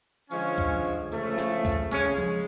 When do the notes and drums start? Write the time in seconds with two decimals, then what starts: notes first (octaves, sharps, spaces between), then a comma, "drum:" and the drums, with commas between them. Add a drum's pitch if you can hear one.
0.31 D3 F3 G#3 C#4, drum: tambourine
0.58 drum: kick C#2, tambourine
0.85 drum: tambourine
1.12 C#3 F3 A3, drum: tambourine
1.38 drum: snare
1.65 drum: kick C#2, tambourine
1.91 C#3 G#3 C#4, drum: snare
2.18 drum: tom F3